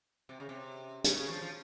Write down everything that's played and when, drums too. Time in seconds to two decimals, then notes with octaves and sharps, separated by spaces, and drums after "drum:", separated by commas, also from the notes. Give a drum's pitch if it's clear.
0.29 C3
0.40 C#3
0.49 C3
1.04 C#3, drum: hi-hat
1.17 C#3
1.29 F3
1.42 F3